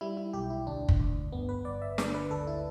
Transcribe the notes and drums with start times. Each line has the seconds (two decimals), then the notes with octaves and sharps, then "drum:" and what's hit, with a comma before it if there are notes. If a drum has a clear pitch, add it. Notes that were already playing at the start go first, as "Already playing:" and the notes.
0.01 G3 E4
0.17 E4
0.33 B1 G4
0.50 E4
0.66 D2 D4
0.88 drum: kick
1.00 D2
1.32 G1 B3
1.49 B4
1.65 G1 D5
1.82 E5
1.98 D3 D5, drum: snare
2.15 B4
2.31 D2 A4
2.47 E4